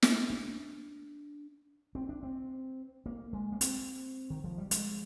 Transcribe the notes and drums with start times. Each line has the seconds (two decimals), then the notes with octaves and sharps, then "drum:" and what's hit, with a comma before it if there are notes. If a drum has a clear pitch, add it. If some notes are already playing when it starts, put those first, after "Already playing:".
0.02 drum: snare
0.30 D4
1.95 C4
2.09 D4
2.23 C4
3.06 A#3
3.33 G#3
3.52 A#3
3.61 C4, drum: hi-hat
4.30 D#3
4.44 F3
4.58 G3
4.71 G#3, drum: hi-hat